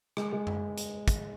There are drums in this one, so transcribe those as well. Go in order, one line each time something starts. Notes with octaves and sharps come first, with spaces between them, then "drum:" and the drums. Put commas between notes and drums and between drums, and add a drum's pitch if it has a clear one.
G#3, drum: rim click
G#3
drum: tom F#2
drum: hi-hat
drum: kick, hi-hat